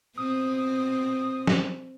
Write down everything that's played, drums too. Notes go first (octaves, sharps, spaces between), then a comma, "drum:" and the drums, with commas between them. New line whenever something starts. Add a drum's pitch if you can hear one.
B2 C4 D#6
drum: snare